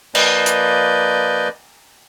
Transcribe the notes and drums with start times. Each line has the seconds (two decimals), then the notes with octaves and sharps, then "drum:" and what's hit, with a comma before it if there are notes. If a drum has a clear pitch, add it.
0.15 F3 A#3 B4 D5 D#5 G6, drum: cymbal
0.46 drum: hi-hat